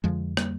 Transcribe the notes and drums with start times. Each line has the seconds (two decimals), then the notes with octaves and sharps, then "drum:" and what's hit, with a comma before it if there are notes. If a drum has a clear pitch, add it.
0.04 F2 D3 F3 G#3
0.37 G3 A#3, drum: rim click